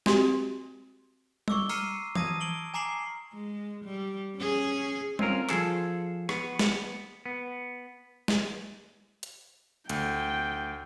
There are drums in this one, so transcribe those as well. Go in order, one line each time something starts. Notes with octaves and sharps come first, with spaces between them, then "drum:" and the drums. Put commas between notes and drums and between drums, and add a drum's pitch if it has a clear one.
C4 F#4 G4 C6, drum: snare
C#6 D6 E6, drum: tom G3
A#5 F6 C7 C#7 D#7, drum: open hi-hat
A5 D#6 G#6 A#6 D#7, drum: tom E3
D7 F#7 G7
G#5 A#5 D6 C7 F#7
G#3
G3
C#4 G#4
C4 C#4 F4 A#4, drum: tom G3
F3 G#4 A4, drum: clap
B3, drum: rim click
drum: snare
B3
drum: snare
drum: hi-hat
D2 G5, drum: hi-hat